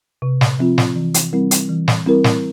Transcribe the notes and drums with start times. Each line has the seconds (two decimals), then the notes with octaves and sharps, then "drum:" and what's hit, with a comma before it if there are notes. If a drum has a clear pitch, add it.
0.22 C3
0.41 drum: snare
0.59 F3 C4 F4
0.78 drum: snare
0.96 E3
1.14 drum: hi-hat
1.33 G3 C4 E4 A#4
1.51 drum: hi-hat
1.69 E3
1.88 drum: snare
2.06 G3 C4 E4 A#4
2.24 drum: snare